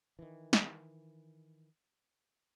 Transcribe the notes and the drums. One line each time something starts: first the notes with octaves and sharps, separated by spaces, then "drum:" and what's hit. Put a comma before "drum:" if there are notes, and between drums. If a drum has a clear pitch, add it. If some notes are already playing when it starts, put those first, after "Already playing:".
D#3 E3
drum: snare